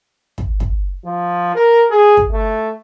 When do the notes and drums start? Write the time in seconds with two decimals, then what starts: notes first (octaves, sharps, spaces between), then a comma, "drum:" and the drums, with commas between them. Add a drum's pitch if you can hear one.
0.38 drum: kick
0.60 drum: kick
1.05 F3
1.55 A#4
1.90 G#4
2.17 drum: kick
2.32 A3